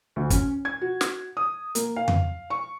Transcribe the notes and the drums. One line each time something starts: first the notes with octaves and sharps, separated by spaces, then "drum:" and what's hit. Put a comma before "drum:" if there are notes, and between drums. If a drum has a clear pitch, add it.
D2
C#4, drum: kick, hi-hat
G#6
F#4
drum: snare
D#6
A#3, drum: hi-hat
F5
drum: tom F2
C#6